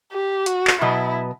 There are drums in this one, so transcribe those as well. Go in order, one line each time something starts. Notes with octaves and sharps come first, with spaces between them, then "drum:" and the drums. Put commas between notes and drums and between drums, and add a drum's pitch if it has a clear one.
G4
F#4, drum: hi-hat
drum: clap
B2 F#3 B3 E4